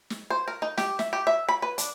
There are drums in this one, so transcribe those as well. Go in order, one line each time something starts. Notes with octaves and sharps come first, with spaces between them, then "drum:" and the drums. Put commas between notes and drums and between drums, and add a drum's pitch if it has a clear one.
drum: snare
C5
A#4
D#4
G4, drum: snare
E5, drum: snare
G4
E5
B5
B4
D4, drum: hi-hat